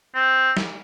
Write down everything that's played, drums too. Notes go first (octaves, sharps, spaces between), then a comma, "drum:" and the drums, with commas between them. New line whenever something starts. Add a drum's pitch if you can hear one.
C4
drum: snare